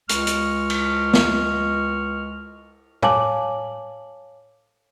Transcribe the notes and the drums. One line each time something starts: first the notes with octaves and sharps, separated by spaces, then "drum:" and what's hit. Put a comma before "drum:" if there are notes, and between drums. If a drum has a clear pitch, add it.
C#2 G#3 C#6 F6, drum: hi-hat
drum: hi-hat
drum: cymbal
drum: snare
C#5 F5 G#5 A5 D6 F#7, drum: tom